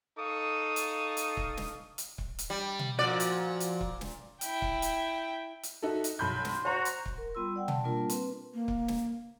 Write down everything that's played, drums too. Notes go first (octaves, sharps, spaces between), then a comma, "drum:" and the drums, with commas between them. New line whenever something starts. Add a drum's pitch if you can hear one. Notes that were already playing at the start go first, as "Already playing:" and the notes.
D#4 A4 F5 C#6 D#6
drum: hi-hat
drum: hi-hat
drum: kick C#1
drum: snare
drum: hi-hat
drum: kick C#1
drum: hi-hat
G3
drum: tom B2
A#2 F3 F#4 D5 F#5
drum: hi-hat
drum: hi-hat
drum: kick C#1
drum: snare
E4 G5, drum: hi-hat
drum: kick C#1
drum: hi-hat
drum: hi-hat
D#4 F#4 A4 E5
drum: hi-hat
B1 B5 C6 G6
drum: snare
F#4 C5 A#5
drum: hi-hat
drum: kick C#1
A#4
G3 B3 F4 C6 E6
D5 F#5 G5
A5, drum: tom B2
G3 A#3 D4 F4 A#4 A5
C4 B4, drum: hi-hat
A#3
drum: kick C#1
drum: snare